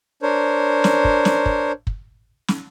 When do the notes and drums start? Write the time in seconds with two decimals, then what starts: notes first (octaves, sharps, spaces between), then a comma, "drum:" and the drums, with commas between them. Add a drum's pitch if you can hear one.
0.22 D4 A#4 C5 C#5
0.84 drum: snare
1.05 drum: kick
1.25 drum: snare
1.46 drum: kick
1.87 drum: kick
2.48 drum: snare